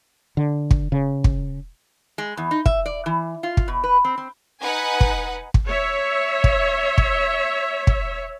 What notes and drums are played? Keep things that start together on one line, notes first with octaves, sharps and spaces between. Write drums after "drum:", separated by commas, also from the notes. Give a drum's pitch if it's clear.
D3
drum: kick
C#3
drum: kick
G#3
E2
D#4
E5, drum: kick
D5
E3
F4
drum: kick
B2
B4
C4
C4
D#4 B4 F#5 G#5
drum: kick
drum: kick
C#5 E5
drum: kick
drum: kick
drum: kick